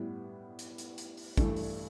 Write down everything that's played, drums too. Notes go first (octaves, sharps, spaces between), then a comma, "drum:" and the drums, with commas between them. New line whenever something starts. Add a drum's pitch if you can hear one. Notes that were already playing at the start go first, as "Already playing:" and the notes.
Already playing: A2 G3 B3
drum: hi-hat
drum: hi-hat
drum: hi-hat
drum: open hi-hat
G2 E3 A3 D4, drum: kick, hi-hat
drum: open hi-hat